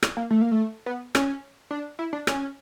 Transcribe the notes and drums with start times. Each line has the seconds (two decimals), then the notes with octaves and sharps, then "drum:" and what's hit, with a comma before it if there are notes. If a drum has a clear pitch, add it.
0.03 drum: rim click
0.17 A#3
0.31 A3
0.41 A#3
0.51 A3
0.86 B3
1.15 C#4, drum: rim click
1.71 D4
1.99 E4
2.13 D4
2.27 C#4, drum: rim click